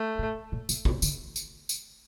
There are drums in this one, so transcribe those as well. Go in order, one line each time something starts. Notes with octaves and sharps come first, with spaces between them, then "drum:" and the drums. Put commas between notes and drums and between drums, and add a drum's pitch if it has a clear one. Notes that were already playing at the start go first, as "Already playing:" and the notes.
Already playing: A3
A2
A#2
A#2, drum: tambourine
C3, drum: kick
D3, drum: tambourine
drum: tambourine
drum: tambourine